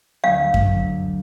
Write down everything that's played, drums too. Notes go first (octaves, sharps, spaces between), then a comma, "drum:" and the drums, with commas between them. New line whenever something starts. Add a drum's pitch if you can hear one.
D2 F#3 F5
drum: kick F#2